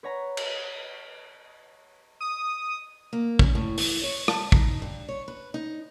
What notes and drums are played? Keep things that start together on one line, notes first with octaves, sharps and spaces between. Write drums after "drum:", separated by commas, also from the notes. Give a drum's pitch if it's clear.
B4 C#5 F#5 A#5 B5
drum: cymbal
D#6
A#3
C#4, drum: kick
A2
E3, drum: open hi-hat
C#5
A5, drum: rim click
D#4, drum: kick
G2
C#5
B4
D#4